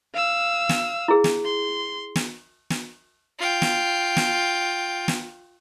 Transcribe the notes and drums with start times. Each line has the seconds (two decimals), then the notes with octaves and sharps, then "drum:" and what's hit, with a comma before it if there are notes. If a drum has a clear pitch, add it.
0.15 F5 E6
0.69 drum: snare
1.08 E4 G#4
1.24 drum: snare
1.45 C6
2.16 drum: snare
2.70 drum: snare
3.39 F4 G5
3.62 drum: snare
4.17 drum: snare
5.08 drum: snare